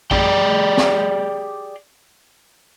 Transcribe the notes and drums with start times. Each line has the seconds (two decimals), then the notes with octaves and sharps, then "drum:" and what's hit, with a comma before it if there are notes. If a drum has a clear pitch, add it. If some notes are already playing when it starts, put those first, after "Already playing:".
0.11 G4 G#4 D5 G5, drum: kick A1
0.77 drum: snare